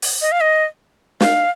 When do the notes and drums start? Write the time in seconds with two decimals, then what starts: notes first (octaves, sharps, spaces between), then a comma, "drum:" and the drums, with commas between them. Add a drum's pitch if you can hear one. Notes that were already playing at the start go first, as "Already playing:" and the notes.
0.02 drum: open hi-hat
0.22 D#5
0.32 F5
0.41 D#5
1.21 F5, drum: snare